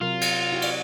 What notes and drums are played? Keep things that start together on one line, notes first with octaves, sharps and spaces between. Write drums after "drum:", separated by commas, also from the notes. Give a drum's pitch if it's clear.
C3 F#3 F4 A#4
drum: cymbal
E4 F#4 G4
drum: cymbal